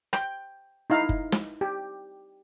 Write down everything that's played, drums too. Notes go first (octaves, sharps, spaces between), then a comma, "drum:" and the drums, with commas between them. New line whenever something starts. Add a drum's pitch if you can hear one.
G5, drum: rim click
D#4 E4 F5 A#5
drum: kick F#1
drum: snare
G4